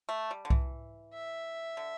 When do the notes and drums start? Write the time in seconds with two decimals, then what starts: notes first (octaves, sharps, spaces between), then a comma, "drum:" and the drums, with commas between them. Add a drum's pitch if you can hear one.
0.09 A3
0.31 G3
0.45 D3
0.50 E3, drum: kick C2
1.13 E5
1.77 D3